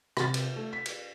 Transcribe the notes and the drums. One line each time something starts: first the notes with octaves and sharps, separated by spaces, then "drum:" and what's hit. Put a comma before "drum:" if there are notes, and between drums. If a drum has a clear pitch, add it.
C3 A6, drum: rim click
drum: cymbal
A3
B6
drum: cymbal